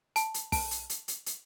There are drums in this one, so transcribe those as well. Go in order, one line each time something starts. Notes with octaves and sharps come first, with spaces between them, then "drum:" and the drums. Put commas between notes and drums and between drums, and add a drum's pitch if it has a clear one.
A5, drum: hi-hat
drum: hi-hat
A5, drum: kick, open hi-hat
drum: hi-hat
drum: hi-hat
drum: hi-hat
drum: hi-hat